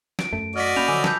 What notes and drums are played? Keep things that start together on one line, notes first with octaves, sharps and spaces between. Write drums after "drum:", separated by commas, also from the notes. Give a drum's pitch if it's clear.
D7, drum: snare
F#2 A3
F#4 D5 D#5 F6 A#6 B6
A#3 C#4 B5 G6 F7
D3 F3 F#3 G#5 D6 E6
A5 G6, drum: snare